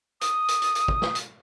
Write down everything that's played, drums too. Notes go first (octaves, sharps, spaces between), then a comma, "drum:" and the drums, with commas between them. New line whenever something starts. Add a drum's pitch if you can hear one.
D#6, drum: hi-hat
drum: hi-hat
drum: hi-hat
drum: hi-hat
drum: kick
drum: snare
drum: hi-hat